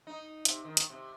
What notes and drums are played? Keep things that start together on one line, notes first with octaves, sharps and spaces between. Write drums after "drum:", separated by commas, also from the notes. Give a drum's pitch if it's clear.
D#4
C3, drum: hi-hat
D#3
drum: hi-hat
C3